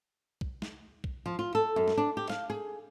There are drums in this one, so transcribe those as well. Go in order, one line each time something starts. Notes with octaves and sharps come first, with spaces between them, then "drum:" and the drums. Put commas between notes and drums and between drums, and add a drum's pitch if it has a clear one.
drum: kick B1
drum: snare
drum: kick B1
F3
F4
A4
F#2
drum: snare
D4
G4
F5, drum: snare
G#4